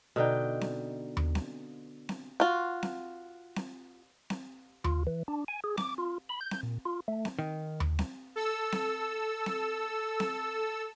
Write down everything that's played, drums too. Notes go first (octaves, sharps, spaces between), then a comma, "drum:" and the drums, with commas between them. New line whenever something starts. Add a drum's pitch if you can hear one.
B2 D3 D#4 G5
drum: snare C4
drum: tom D#2
drum: snare C4
drum: snare C4
F4 F#4
drum: snare C4
drum: snare C4
drum: snare C4
F4, drum: tom D#2
E3
D4
G#5
G#4
D6, drum: snare C4
F4
B5
G6
drum: snare C4
A#2
F4
A3
drum: snare C4
D#3
drum: tom D#2
drum: snare C4
A4 E6
drum: snare C4
drum: snare C4
drum: snare C4